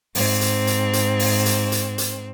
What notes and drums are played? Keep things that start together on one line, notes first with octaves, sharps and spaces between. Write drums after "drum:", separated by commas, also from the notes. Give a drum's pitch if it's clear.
G#2 C4, drum: open hi-hat
drum: hi-hat
drum: hi-hat
drum: hi-hat
drum: open hi-hat
drum: hi-hat
drum: hi-hat
drum: hi-hat